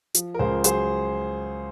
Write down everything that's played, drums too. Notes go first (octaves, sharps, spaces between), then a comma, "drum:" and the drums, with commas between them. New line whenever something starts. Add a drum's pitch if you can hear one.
F3, drum: hi-hat
A#4
C#2 G#4 C5
F#3 G#4 C5, drum: hi-hat